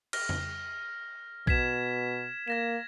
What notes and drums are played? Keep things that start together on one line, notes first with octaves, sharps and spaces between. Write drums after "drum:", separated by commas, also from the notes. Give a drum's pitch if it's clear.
F6 A#6, drum: cymbal
drum: tom F2
B2 G#6 B6 E7, drum: kick A#1
A#3 G#6 A#6 E7